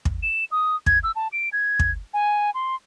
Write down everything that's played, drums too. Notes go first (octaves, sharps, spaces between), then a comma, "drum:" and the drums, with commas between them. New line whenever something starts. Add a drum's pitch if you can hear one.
drum: kick
E7
D#6
G#6, drum: kick
E6
A5
D7
G#6
drum: kick
G#5
C6